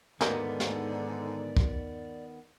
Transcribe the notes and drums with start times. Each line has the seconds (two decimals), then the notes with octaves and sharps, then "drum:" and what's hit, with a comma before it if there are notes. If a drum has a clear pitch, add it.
0.21 G#2 D3 D#3 A#3 B3 D#4 D5, drum: snare
0.60 drum: snare
1.57 drum: kick